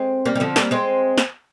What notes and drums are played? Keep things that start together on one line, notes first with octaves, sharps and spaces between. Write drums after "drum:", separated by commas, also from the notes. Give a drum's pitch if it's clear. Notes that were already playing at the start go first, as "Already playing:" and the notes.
Already playing: G#3 C4
G3 A#3
G3
D3 F3
G3 A#3, drum: snare
G#3 C4
drum: snare